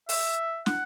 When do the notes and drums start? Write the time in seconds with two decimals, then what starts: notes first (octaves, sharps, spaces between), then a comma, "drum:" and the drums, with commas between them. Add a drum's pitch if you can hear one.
0.09 E5, drum: open hi-hat
0.66 F#5, drum: snare